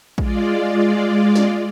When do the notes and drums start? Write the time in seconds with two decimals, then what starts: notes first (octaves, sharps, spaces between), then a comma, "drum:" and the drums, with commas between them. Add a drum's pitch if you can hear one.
0.18 G#3 F4 D5, drum: kick A#1
1.35 drum: snare